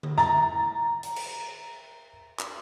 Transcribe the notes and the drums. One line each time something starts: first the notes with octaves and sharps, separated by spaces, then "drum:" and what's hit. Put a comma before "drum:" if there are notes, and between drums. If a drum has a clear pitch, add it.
drum: tom D3
A#5 A6, drum: snare
drum: hi-hat
drum: cymbal
drum: clap